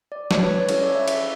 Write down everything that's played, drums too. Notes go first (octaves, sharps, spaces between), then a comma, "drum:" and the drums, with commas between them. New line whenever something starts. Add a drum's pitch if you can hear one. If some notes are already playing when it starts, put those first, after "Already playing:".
D5
C#5, drum: snare
B4
C#5
C#4 E4 A4 C#5, drum: cymbal
D5
E5
E5, drum: cymbal